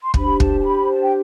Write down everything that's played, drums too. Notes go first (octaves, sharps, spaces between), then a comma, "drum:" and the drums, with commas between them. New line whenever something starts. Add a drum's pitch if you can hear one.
C6
D4 G4 C5 B5, drum: kick
A5, drum: kick
A5
B5
A5
G5